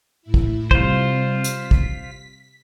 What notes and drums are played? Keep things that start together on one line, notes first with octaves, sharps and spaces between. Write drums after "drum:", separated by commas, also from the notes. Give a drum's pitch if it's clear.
A2 E4
drum: kick
C3 G3 F4 C5, drum: kick
B6, drum: hi-hat
drum: kick